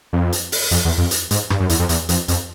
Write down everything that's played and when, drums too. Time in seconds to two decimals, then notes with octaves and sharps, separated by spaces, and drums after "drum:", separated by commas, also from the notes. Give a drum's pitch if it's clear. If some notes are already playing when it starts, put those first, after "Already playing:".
0.13 F2
0.32 drum: hi-hat
0.52 drum: open hi-hat
0.71 F2, drum: hi-hat
0.85 E2
0.98 F2
1.11 drum: hi-hat
1.31 G#2, drum: hi-hat
1.50 G2, drum: rim click
1.60 F#2
1.69 E2, drum: hi-hat
1.79 F2
1.89 E2, drum: hi-hat
2.09 F2, drum: hi-hat
2.28 F2, drum: hi-hat